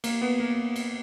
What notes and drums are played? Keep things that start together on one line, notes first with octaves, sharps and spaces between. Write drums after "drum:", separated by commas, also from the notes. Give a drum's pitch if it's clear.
A#3, drum: cymbal
B3
A#3
drum: cymbal